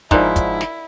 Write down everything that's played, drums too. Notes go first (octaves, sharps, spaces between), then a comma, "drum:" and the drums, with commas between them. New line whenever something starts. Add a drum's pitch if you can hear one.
G#2 F3 D#4 E4 A#4 D5 E5, drum: kick
drum: kick, hi-hat
drum: snare